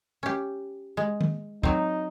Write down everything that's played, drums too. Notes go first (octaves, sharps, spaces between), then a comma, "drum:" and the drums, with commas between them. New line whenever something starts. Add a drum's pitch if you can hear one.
C#4 G4
G#3
drum: tom D#3
F#3 C4 D#4, drum: kick